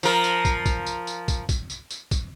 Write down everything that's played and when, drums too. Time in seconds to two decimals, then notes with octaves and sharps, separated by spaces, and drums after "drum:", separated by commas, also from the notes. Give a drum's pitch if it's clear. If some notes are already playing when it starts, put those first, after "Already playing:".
0.03 F3 A#4, drum: tambourine
0.24 drum: tambourine
0.45 drum: kick, tambourine
0.66 drum: kick, tambourine
0.86 drum: tambourine
1.07 drum: tambourine
1.28 drum: kick, tambourine
1.49 drum: kick, tambourine
1.70 drum: tambourine
1.91 drum: tambourine
2.11 drum: kick, tambourine